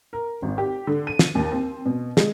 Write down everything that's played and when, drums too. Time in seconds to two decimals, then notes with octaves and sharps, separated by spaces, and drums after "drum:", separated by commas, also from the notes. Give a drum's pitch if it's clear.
0.13 A#4
0.42 G#1
0.58 G4
0.87 D3
1.07 D#7
1.19 drum: snare
1.35 D#2
1.52 C4
1.86 B2
2.17 G#3, drum: snare